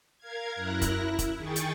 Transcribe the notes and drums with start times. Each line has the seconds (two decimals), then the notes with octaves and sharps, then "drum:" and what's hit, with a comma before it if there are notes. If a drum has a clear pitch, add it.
0.18 A#4 F5 G#6
0.55 F#2 E4 A#4 F#6 A#6
0.82 drum: kick, hi-hat
0.95 E4
1.19 drum: kick, hi-hat
1.37 D#3 G#4 G5 C#6 A6
1.56 drum: hi-hat